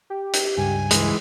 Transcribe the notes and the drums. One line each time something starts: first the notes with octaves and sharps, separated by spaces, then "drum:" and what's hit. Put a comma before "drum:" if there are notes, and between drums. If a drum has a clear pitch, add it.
G4
drum: hi-hat
C#2 G2 G#5
E3 G#3, drum: hi-hat